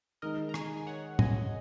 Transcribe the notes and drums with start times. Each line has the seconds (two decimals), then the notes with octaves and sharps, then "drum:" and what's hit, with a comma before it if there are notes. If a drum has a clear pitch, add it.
0.22 D#3 G#3 D#4 A#4 D#5
0.49 A#5
0.54 D#5 G#5, drum: rim click
0.77 G#5
0.87 C#5 F#5
1.19 D#5 G#5, drum: tom